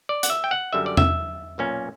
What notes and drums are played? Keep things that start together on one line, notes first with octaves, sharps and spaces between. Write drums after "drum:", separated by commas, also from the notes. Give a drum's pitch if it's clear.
D5
F#5, drum: hi-hat
E5
G5
F#5
F#2 D3 G3 E5
D5
E5, drum: tom E2
B1 A#2 A#3 C#4